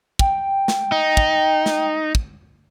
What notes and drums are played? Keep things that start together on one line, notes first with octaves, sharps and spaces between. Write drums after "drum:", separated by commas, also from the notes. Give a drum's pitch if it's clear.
G5, drum: kick
drum: snare
D#4
drum: kick
drum: snare
drum: kick